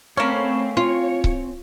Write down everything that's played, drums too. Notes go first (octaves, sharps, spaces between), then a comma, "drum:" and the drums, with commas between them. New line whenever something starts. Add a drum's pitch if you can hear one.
A3 A#3 C4 C#4 C#5 A5 B5
C4 F4 C#5
drum: kick C#1